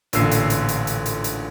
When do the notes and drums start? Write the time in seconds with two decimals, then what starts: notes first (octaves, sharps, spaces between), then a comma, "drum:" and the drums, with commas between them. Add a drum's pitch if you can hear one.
0.13 A1 A#2 D3 E6 C7, drum: hi-hat
0.31 drum: hi-hat
0.50 drum: hi-hat
0.69 drum: hi-hat
0.87 drum: hi-hat
1.06 drum: hi-hat
1.24 drum: hi-hat